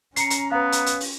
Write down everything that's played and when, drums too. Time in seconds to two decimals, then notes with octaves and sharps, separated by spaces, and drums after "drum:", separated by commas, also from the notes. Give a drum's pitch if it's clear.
0.16 C#4 A#5 C7 C#7, drum: hi-hat
0.30 drum: hi-hat
0.52 B3 B4 F5
0.72 drum: hi-hat
0.86 drum: hi-hat
1.00 drum: open hi-hat